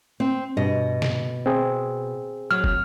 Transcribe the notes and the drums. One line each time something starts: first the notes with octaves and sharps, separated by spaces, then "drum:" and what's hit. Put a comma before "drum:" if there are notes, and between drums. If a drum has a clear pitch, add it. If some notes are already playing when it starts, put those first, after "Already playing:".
C4
G2 B2 D#5
drum: snare
C4 G#4
F#3 F6
drum: kick